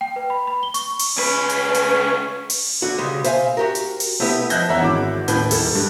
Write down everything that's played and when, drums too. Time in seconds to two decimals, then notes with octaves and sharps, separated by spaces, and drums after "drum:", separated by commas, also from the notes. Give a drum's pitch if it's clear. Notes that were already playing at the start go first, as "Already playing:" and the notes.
0.01 G5
0.16 B4
0.30 B5
0.47 B5
0.63 G7
0.74 C#6, drum: hi-hat
0.99 drum: open hi-hat
1.17 C#2 C#4 B4
1.49 drum: hi-hat
1.74 drum: hi-hat
2.50 drum: open hi-hat
2.82 D3 F#4
2.98 C#3 G3 G#3
3.24 C5 E5 F5 G5 G#5, drum: hi-hat
3.57 F#4 G4 A#4
3.75 drum: hi-hat
4.00 drum: open hi-hat
4.20 A3 B3 E4 G4 B4
4.50 F3 D#5 E5 F#6 G6 A#6, drum: hi-hat
4.69 E2 C#5 E5 F#5 A#5 E6
4.81 G#1 E4 F#4 D6
5.28 D#2 A2 B4 G6, drum: hi-hat
5.51 D#1 A4, drum: open hi-hat
5.75 G2